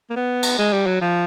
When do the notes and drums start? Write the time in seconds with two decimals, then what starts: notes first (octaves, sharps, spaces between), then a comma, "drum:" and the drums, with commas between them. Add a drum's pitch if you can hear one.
0.10 A#3
0.16 B3
0.43 drum: cymbal
0.58 G#3
0.73 G3
0.87 F#3
1.01 F3